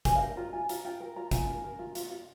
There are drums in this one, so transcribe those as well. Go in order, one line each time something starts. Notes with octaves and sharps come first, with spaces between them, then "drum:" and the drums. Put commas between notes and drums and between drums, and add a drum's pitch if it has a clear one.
A#4 G#5, drum: kick, hi-hat
F5
A#4 G5
F4 A#5
F4 G#5
F4 A#5, drum: hi-hat
F4 G5
A#4
F4 A#5
F4 G#5, drum: kick, hi-hat
A#4
A#4
F4
F4, drum: hi-hat
F4